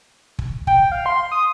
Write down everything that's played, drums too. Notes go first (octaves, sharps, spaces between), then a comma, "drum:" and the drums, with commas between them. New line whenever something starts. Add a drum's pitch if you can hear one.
drum: kick
G5, drum: kick
F5
C6
D#6